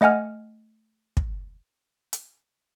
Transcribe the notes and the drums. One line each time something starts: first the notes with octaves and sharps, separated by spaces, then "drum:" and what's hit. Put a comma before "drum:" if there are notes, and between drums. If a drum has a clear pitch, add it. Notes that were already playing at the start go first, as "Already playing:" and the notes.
A3 D#5 F#5 G#5 F6
drum: kick
drum: hi-hat